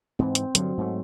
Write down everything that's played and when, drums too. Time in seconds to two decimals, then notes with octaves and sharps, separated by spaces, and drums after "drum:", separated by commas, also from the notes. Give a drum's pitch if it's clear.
0.19 G#2 E3 C4
0.35 drum: hi-hat
0.55 G2 D3 F#3, drum: hi-hat
0.78 G#2 A3